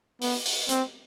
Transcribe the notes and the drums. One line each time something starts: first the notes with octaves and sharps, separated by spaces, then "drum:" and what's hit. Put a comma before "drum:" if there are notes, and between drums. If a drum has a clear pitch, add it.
B3, drum: open hi-hat
drum: open hi-hat
C4, drum: hi-hat